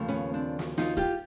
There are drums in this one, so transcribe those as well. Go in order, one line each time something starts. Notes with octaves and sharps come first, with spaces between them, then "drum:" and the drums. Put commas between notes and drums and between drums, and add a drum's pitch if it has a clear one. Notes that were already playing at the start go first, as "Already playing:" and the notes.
Already playing: D#2 C#3 F3 A3
B3 C#4
C4 D4
drum: snare
D#4 F4, drum: snare
F4 G4, drum: kick